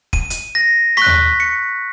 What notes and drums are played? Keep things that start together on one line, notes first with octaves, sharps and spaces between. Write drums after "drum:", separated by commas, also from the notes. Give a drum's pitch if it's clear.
D#7, drum: kick
drum: hi-hat
A#6
C#6 F#6 B6
drum: tom D#2
C#7